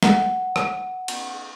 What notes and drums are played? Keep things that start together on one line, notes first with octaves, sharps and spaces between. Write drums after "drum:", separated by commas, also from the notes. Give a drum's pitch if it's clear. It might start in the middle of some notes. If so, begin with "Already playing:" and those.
F#5, drum: snare
drum: rim click
drum: cymbal